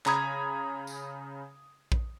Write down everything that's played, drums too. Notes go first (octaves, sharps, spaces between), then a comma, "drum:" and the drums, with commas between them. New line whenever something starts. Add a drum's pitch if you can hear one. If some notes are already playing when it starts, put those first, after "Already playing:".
C#3 A#5 B5 D#6 G#6, drum: clap
drum: tambourine
drum: kick A#1